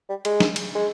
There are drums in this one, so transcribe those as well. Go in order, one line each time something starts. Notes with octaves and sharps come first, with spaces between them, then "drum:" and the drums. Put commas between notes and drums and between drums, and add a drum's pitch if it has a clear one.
G3
G#3, drum: cymbal
drum: snare
drum: cymbal
G#3